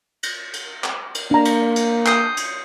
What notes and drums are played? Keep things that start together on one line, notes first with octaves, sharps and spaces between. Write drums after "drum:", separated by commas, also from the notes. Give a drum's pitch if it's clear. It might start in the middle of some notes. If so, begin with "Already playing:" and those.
drum: cymbal
drum: cymbal
drum: clap
drum: cymbal
A#3 D4 A#5
drum: cymbal
drum: cymbal
D#6 G6 C7, drum: clap
drum: cymbal